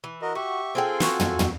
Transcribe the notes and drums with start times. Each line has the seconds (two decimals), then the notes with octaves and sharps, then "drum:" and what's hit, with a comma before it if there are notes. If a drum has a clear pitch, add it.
0.04 E3
0.22 F#4 A#4 D#5
0.35 F#4 G4 E5 C#6
0.75 C4 F4 G#4 A4 G5 G#5
1.00 C4 F#4, drum: snare
1.20 drum: tom
1.39 drum: tom